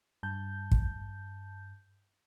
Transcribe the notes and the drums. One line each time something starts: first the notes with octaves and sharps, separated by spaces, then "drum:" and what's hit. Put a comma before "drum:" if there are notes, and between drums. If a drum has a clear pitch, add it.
G2 A5 G6
drum: kick